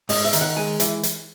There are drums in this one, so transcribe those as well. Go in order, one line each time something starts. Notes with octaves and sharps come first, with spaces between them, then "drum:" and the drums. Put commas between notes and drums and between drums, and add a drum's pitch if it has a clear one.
G#2 D#5, drum: open hi-hat
E5
D#3, drum: hi-hat
F#5
G#3 G#5
E3, drum: hi-hat
drum: hi-hat